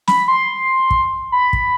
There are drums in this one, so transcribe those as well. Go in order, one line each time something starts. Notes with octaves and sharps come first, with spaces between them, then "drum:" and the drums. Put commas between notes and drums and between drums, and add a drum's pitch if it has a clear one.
B5, drum: snare
C6
drum: kick
B5
drum: kick